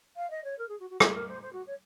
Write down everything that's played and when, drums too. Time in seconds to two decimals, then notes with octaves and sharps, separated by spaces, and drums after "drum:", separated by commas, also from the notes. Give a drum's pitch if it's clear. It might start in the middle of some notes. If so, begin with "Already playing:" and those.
0.16 F5
0.30 D#5
0.44 C#5
0.58 A#4
0.68 G#4
0.80 F#4
0.90 F#4
1.00 G#4, drum: rim click
1.14 A#4
1.28 C5
1.42 C5
1.53 F#4
1.67 C#5